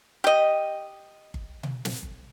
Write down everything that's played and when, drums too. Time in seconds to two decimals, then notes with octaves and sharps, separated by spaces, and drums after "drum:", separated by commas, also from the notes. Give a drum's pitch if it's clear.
0.24 G4 D#5
1.34 drum: kick G1
1.63 drum: tom B2
1.85 drum: snare
2.03 drum: kick G1